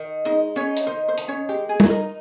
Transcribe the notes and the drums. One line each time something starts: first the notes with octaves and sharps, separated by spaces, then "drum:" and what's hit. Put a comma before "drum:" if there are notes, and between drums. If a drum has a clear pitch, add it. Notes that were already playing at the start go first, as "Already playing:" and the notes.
Already playing: D#3
G#3 D#4 D#5
C#4 D#4 C#5
drum: hi-hat
D#3 C5
C5
D#3, drum: hi-hat
C#4 C#5
G#3 G4
G#4
D#4, drum: tom G3
A#4